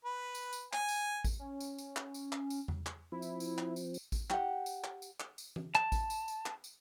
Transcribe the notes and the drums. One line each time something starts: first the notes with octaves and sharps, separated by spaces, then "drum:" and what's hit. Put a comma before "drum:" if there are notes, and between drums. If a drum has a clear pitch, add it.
B4
drum: tambourine
drum: tambourine
G#5, drum: clap
drum: tambourine
drum: kick A1, tambourine
C#4
drum: tambourine
drum: tambourine
drum: clap
drum: tambourine
drum: clap
drum: tambourine
drum: tom E2
drum: clap
F3 C4 E4
drum: tambourine
drum: tambourine
drum: clap
drum: tambourine
drum: tambourine
drum: kick A1, tambourine
G4 F#5, drum: clap
drum: tambourine
drum: clap
drum: tambourine
drum: clap
drum: tambourine
drum: tom E3
A5, drum: clap
drum: kick A1, tambourine
drum: tambourine
drum: tambourine
drum: clap
drum: tambourine